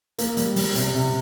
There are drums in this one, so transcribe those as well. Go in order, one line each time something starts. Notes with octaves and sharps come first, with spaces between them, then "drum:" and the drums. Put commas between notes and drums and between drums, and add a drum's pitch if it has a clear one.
A#3, drum: hi-hat
G3, drum: hi-hat
G3, drum: open hi-hat
C3, drum: hi-hat
C3